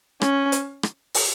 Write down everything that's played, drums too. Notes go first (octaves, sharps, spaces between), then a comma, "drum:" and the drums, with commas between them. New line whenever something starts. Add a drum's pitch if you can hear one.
C#4, drum: rim click
drum: hi-hat
drum: rim click
drum: open hi-hat